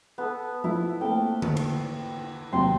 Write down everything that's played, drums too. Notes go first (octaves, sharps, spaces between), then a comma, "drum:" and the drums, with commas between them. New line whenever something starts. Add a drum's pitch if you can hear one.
B3 A4
F3 E4
A3 A#3 C4 G5 A5
drum: tom D3
drum: cymbal
D#2 C3 F#3 G5 C6